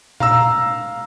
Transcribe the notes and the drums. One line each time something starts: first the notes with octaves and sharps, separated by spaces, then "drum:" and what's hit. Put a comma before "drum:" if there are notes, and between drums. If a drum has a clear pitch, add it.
F5 A#5 E6, drum: tom A#2